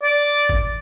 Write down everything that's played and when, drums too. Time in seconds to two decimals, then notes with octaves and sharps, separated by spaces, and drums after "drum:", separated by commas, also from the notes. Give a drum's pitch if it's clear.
0.03 D5
0.49 drum: kick